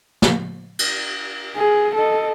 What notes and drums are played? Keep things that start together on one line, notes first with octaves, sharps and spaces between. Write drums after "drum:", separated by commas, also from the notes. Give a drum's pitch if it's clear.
drum: snare
drum: cymbal
G#4
A4 D#5